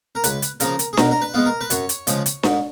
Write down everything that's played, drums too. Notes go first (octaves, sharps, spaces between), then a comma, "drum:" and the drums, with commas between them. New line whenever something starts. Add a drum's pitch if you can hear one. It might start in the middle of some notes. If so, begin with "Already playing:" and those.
A#4
C#2 B4, drum: hi-hat
drum: hi-hat
C#3 F3 A#3 A#4, drum: hi-hat
drum: hi-hat
G#4
B2 A#4, drum: snare D4
A#4
B4
G#3 B3 F4
A#4
B4
F#2 C#5, drum: hi-hat
drum: hi-hat
C#3 F3 G#3, drum: hi-hat
drum: hi-hat
G#2, drum: snare D4